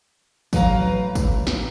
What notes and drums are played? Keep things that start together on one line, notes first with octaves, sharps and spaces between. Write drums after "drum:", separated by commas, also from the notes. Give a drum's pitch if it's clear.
A2 F#3 B4 F5 F#5 A#5, drum: kick, tambourine
drum: kick, tambourine
drum: snare